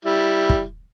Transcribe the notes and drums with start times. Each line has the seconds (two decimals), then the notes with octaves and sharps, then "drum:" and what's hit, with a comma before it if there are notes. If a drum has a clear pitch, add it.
0.05 G3 E4
0.49 drum: kick